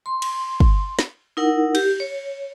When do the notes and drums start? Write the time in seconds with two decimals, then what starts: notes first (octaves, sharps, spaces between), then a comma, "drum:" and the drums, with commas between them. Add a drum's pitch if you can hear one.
0.06 C6
0.22 drum: cymbal
0.60 drum: kick
0.99 drum: snare
1.37 D#4 E4 A#4 F#5
1.75 G4, drum: cymbal
2.00 C#5